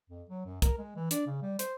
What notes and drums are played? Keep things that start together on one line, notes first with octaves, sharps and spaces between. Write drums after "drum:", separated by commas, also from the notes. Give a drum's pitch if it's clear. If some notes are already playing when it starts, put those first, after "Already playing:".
F2
F#3
F#2
A#4, drum: kick, hi-hat
G#3
E3
D4, drum: hi-hat
C#3
G3
C5, drum: hi-hat